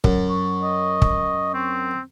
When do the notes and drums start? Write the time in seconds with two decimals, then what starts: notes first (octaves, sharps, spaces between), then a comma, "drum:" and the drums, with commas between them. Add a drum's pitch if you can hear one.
0.04 F#2, drum: kick
0.28 C#6
0.62 D#5
1.02 drum: kick
1.54 C4